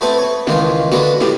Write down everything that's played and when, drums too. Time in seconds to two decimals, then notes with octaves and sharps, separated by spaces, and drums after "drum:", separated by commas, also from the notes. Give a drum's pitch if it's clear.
0.01 A3 B3 C4 E4 A4 B4
0.18 C#5
0.47 C#2 D#3 E3 F4, drum: snare
0.92 D3 B3 D4 F#4, drum: snare
1.21 A2 G4, drum: snare